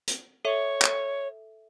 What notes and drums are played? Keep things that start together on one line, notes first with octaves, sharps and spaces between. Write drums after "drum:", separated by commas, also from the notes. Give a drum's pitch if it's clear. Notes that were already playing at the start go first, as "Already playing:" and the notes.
drum: hi-hat
A4 C#5 E5
drum: clap